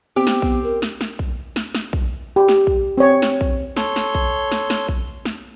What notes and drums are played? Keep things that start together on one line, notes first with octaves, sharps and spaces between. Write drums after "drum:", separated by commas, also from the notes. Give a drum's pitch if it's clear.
B3 C4 G4
drum: snare
B3, drum: kick A#1
A#4
drum: snare
drum: snare
drum: kick A#1
drum: snare
drum: snare
drum: kick A#1
G4
drum: snare
drum: kick A#1
C4 C#5
drum: snare
drum: kick A#1
A4 C#5 C6, drum: snare
drum: snare
drum: kick A#1
drum: snare
drum: snare
drum: kick A#1
drum: snare